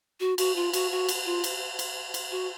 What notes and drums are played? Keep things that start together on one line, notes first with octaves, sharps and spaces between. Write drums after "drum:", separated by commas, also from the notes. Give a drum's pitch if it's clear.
F#4
F#4, drum: cymbal
F4
F#4, drum: cymbal
F#4
drum: cymbal
F4
drum: cymbal
drum: cymbal
drum: cymbal
F#4